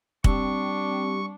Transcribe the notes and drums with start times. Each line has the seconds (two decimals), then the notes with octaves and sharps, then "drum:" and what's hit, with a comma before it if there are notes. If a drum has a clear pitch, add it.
0.24 G3 C4 D4 C#6, drum: kick